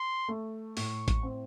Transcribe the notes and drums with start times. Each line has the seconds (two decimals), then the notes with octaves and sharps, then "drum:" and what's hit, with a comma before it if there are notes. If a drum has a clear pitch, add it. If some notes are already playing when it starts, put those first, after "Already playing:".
Already playing: C6
0.28 A3
0.77 A2 C#6, drum: open hi-hat
1.08 drum: kick A1, hi-hat
1.23 C4